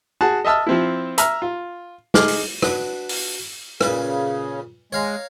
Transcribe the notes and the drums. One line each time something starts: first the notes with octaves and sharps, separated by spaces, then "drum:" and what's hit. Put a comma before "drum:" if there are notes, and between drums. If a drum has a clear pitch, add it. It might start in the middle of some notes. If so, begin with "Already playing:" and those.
F#4 G#4 A5
D#5 E5 A5 E6 F6
F3 C4 E4
E5 A#5 E6 F6, drum: hi-hat
F4
D#4 G#4 D6 F6, drum: snare
drum: open hi-hat
D4 F#4 B4, drum: rim click
drum: open hi-hat
A#2 C#3 B4, drum: rim click
G#3 C#5 F5 A#5